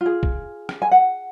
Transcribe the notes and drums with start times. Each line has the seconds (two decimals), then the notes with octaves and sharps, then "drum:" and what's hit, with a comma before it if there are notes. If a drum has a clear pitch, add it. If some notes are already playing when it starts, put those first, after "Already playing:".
0.01 F4 G#4
0.23 drum: kick
0.69 drum: rim click
0.82 G#5
0.91 F#5